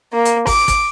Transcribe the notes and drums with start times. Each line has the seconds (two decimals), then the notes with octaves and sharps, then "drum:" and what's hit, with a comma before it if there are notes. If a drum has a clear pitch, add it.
0.12 A#3
0.25 drum: hi-hat
0.47 D6, drum: kick, open hi-hat
0.68 drum: kick, hi-hat